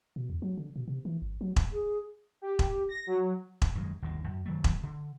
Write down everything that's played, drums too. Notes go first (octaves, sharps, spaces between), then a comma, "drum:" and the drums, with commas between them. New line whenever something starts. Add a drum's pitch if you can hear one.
B2
E2
F#3
D3
B2
C3
E3
G1
F#3
drum: kick E1
G#4
G4
drum: kick E1
A#6
F#3
drum: kick E1
F#2 D#3 G#3
G1 D#2 D#3
F#2
D#3 F#3 A3
drum: kick E1
D3